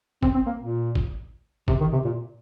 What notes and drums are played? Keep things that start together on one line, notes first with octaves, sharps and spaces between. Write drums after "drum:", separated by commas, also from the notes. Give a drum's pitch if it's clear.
C4, drum: kick
C4
A#3
A#2
drum: kick
C3, drum: kick
D#3
C3
A#2